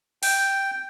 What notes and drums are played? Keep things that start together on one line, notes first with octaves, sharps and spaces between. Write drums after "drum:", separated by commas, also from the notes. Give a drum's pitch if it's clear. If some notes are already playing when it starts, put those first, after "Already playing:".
G5, drum: open hi-hat